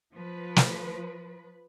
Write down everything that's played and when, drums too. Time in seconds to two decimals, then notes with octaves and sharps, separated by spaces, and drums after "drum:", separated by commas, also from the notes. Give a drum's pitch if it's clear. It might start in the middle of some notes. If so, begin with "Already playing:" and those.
0.13 F3 B4
0.56 drum: snare